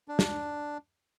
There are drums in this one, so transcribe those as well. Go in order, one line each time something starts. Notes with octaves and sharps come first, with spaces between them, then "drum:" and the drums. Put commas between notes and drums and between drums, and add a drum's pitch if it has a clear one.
D4
drum: snare